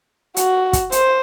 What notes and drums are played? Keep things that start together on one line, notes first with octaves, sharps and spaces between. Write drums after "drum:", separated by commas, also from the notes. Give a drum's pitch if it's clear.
F#4, drum: hi-hat
drum: kick, hi-hat
C5, drum: hi-hat